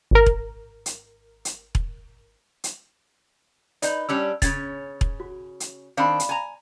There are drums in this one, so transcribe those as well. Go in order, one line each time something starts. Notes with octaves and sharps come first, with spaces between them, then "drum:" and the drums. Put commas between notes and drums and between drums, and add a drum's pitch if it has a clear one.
G#1 A#4
drum: kick E1
drum: hi-hat
drum: hi-hat
drum: kick E1
drum: hi-hat
D#4 B4 D5 G6, drum: hi-hat
G3 C#4 D4 E6
C#3 C#4 G#6 A6, drum: kick E1, hi-hat
drum: kick E1
F#4
drum: hi-hat
D#3 C4 D4 F5 B5
drum: hi-hat
G#5 A#5